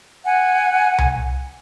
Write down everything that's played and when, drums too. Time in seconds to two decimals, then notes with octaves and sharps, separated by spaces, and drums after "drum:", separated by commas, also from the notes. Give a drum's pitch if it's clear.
0.25 F#5 G#5
0.98 drum: tom C2